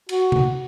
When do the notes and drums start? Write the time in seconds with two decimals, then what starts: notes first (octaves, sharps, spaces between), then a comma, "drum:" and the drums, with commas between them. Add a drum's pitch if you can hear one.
0.09 F#4, drum: cymbal
0.32 drum: tom